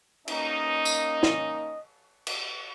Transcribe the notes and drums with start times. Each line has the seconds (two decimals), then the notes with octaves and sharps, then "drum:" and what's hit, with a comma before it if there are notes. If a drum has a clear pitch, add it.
0.28 A#3 C#4 D#4 D#5, drum: cymbal
0.85 drum: tambourine
1.23 drum: snare
2.27 drum: cymbal